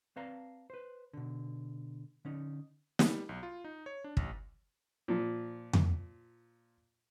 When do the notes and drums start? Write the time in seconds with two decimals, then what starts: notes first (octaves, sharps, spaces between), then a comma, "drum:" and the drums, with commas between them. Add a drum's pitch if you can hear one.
0.16 C4 B4 D5 F5 A5 A#5
0.70 B4 C5
1.13 B2 D3
2.25 D3 C#4 D#4
2.99 G3, drum: snare
3.29 B1
3.43 F4
3.64 D#4
3.86 C#5
4.04 D4
4.17 A1, drum: kick
5.08 A#2 F3
5.73 drum: tom F2